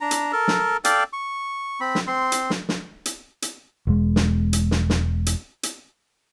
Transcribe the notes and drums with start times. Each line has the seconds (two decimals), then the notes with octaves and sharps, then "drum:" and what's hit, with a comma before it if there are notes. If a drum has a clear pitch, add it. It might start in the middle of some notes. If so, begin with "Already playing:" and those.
0.01 D4 A#5
0.11 drum: hi-hat
0.32 A4 A#4
0.48 drum: snare
0.85 A4 D5 F5 G5, drum: hi-hat
1.13 C#6
1.81 C4 B5
1.95 drum: snare
2.07 C4 C6
2.32 drum: hi-hat
2.50 drum: snare
2.69 drum: snare
3.05 drum: hi-hat
3.42 drum: hi-hat
3.87 E1 G#3
4.16 drum: snare
4.53 drum: hi-hat
4.71 drum: snare
4.90 drum: snare
5.26 drum: hi-hat
5.63 drum: hi-hat